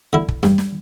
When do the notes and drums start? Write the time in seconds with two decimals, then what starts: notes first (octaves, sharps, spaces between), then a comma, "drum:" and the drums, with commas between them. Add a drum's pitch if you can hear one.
0.13 D3 E4
0.28 drum: kick
0.43 G2, drum: snare
0.58 drum: snare